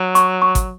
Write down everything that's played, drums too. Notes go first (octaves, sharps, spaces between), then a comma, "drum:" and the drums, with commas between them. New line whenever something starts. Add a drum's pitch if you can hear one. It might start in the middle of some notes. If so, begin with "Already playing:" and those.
Already playing: F#3
C#6, drum: hi-hat
C#6
drum: kick, hi-hat